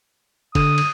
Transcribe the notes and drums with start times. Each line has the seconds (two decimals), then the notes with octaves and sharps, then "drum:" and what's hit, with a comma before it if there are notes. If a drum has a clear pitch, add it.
0.55 D3 D#6, drum: kick F#1, cymbal
0.78 drum: cymbal